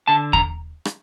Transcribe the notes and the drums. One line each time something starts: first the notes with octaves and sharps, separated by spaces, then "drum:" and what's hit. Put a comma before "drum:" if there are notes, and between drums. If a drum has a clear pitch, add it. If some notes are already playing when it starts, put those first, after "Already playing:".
D3 A5
A#5, drum: kick
drum: rim click